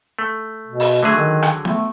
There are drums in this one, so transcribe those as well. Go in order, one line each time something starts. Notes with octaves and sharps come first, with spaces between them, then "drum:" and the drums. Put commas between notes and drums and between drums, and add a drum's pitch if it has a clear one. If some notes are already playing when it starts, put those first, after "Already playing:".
A3
B2
drum: open hi-hat
D3 F#3 A3 G#4
D#3
drum: rim click
A3, drum: snare B3